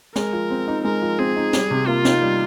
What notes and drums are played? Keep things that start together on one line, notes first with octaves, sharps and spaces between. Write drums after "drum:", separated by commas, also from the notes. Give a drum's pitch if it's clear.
G#3 A#4, drum: snare
F3
C4
D#4
G#3 A#4
F3
C4 G#4
D#4
G3, drum: snare
C3
A#3 F4
D#4, drum: snare
G3